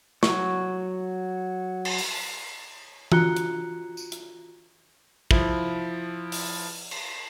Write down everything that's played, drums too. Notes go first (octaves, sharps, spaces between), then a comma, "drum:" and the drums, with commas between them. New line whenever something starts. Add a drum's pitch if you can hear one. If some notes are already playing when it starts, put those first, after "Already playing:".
F#3 C#6, drum: snare
drum: cymbal
drum: open hi-hat
F4 F#4 A#5 F#6 C#7 G7, drum: tom E3
drum: hi-hat
drum: tambourine
drum: hi-hat
F3 E4, drum: kick
drum: open hi-hat
drum: cymbal